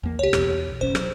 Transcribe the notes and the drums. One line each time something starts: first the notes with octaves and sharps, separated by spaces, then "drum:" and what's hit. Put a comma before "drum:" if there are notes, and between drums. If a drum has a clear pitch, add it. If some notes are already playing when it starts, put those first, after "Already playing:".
E2 A#3
C#2 G4 C#5
B1 E2 B2, drum: rim click
F#1 B1 C#4 C5
F#3, drum: rim click